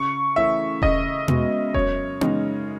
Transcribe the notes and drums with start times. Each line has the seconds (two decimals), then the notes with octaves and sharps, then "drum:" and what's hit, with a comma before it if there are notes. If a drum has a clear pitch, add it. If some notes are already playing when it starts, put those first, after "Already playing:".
Already playing: C#3 C#6
0.36 E3 A3 C#4 E5
0.82 C#3 D#5, drum: kick E1
1.28 G#3 B3 F#4, drum: tom B2
1.74 F#2 C#5, drum: kick E1
2.21 C#3 G#3 D#4, drum: tom B3